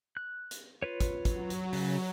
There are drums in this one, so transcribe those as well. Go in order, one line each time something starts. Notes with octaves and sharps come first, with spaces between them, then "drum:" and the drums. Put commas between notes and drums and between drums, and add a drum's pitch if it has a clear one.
F#6
drum: hi-hat
F4 B4 C#5
drum: kick, hi-hat
F#3, drum: kick, hi-hat
drum: hi-hat
C#3, drum: open hi-hat